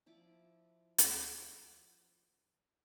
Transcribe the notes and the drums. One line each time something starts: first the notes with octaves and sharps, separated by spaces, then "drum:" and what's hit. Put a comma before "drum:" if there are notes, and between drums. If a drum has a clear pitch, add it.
F3 E4 D5 D6
drum: hi-hat